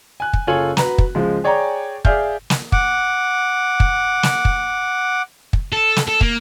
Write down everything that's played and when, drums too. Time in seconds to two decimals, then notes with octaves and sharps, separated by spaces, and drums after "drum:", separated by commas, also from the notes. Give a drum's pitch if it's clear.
0.20 G#5 F#6
0.33 drum: kick
0.47 F#1 F4 A4 C#5 G#5 F#7
0.77 F#4 B4 A#5, drum: snare
0.98 drum: kick
1.15 C#2 F3 G#3
1.44 G#4 C#5 D5 G5 G#5 A#5
2.05 G#4 D5 E5 F5 F6 G6, drum: kick
2.50 drum: snare
2.72 F#5 D6, drum: kick
3.80 drum: kick
4.23 drum: snare
4.45 drum: kick
5.53 drum: kick
5.73 A4
5.96 drum: snare
6.08 A4
6.21 A#3, drum: kick